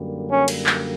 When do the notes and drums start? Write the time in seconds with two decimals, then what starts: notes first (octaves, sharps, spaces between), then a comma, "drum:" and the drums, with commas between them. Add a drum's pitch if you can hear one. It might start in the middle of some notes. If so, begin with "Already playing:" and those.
Already playing: F#2 D3 G3 A#3
0.29 C#4
0.48 drum: cymbal
0.66 drum: clap